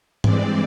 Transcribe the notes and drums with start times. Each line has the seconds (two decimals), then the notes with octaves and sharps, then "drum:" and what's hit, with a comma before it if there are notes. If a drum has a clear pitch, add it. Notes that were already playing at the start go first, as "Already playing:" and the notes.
0.24 G2 E3 G#3 C4 D5, drum: tom G#2